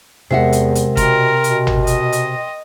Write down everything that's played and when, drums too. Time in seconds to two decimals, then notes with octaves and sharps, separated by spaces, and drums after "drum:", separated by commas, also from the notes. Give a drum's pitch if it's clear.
0.31 E2 C3 G#3 A#4 E5 F#5
0.53 drum: hi-hat
0.75 drum: hi-hat
0.97 B2 A#4 G5 C6, drum: kick, hi-hat
1.44 B2, drum: hi-hat
1.67 drum: tom
1.87 D#5, drum: hi-hat
2.12 drum: hi-hat